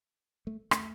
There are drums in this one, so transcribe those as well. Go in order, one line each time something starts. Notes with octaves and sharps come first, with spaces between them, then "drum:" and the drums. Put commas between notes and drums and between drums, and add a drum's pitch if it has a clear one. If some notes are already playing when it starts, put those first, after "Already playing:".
A3
A3, drum: rim click